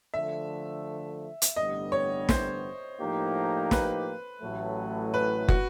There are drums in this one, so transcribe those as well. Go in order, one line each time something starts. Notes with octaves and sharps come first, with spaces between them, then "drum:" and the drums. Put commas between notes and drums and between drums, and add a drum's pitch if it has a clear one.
D3 F3 A3 E5
drum: hi-hat
A1 G2 D3 G3 B3 D#5
C#5
C5, drum: snare
A2 F3 A#3 D#4 G4
B4, drum: snare
A1 A2 F#3 A3
B4
F#4, drum: kick